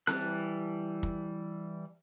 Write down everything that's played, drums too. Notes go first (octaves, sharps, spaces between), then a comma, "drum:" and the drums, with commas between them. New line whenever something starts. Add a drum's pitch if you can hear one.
E3 G3 A5 F#6, drum: snare C4
drum: kick